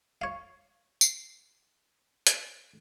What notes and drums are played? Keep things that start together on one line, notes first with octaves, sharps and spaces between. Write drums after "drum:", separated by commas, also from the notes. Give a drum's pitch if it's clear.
C#5 F5
drum: tambourine
drum: hi-hat